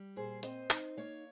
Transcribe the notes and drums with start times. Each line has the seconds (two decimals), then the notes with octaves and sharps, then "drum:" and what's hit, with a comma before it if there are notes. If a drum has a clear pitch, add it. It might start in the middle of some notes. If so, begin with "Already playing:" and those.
Already playing: G3
0.16 A#2 G#4 C5
0.43 C4 C5 D#5, drum: hi-hat
0.70 D#4, drum: clap
0.97 A#3 C#5 F5